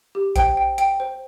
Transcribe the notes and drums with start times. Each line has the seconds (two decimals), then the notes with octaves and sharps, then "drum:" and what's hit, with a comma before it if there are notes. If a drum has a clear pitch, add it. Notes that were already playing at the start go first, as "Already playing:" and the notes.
0.15 G4
0.36 C5 G5, drum: kick A#1, hi-hat
0.57 G5
0.78 G5, drum: hi-hat
1.00 C5